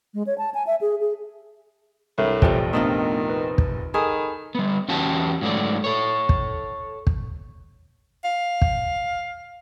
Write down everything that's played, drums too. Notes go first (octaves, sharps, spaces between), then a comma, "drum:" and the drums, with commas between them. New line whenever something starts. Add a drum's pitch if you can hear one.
G#3
C#5
A5
G#5
E5
G#4
G#4
C2 A2 D4 A#4
F1 A#1 E3 F3 G3 D4 G5, drum: kick
D#3 A3 B3 C4 D4 D#4 F4
B4
drum: kick
D#3 G#4 A4 B5
G3 B3
E2 C#4 F#4 G4 A5
G#2 F#3 A3 D5
A4 C#5
drum: kick
drum: kick
F5
drum: kick